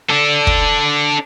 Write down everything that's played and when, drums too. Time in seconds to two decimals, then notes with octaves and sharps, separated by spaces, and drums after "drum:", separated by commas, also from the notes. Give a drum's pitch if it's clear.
0.10 D4 A4
0.47 drum: kick